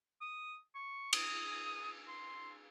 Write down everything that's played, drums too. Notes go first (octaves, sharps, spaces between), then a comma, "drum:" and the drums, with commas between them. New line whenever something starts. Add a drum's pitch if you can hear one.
D#6
C#6
D#6, drum: cymbal
C6